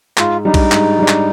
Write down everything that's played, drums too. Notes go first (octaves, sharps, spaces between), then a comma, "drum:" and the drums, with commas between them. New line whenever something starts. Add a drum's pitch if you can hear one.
G#2 F4, drum: clap
G3 D4 D#4
drum: kick B1, cymbal
G#2, drum: clap
G3 D4
drum: clap